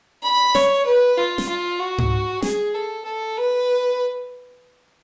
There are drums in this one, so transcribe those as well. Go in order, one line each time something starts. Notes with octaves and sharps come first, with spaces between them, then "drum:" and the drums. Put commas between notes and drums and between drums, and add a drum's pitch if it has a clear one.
B5
C#5, drum: snare
B4
F4
drum: snare
F4
F#4
drum: tom G#2
G#4, drum: snare
A4
A4
B4